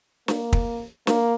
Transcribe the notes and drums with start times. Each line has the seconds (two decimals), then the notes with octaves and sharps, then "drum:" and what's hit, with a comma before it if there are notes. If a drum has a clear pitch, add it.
0.28 A#3, drum: snare
0.53 drum: kick
1.07 A#3, drum: snare